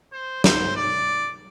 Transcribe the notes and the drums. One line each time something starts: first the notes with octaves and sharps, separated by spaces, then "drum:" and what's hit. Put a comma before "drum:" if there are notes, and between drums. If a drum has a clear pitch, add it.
C5
C5, drum: snare
D5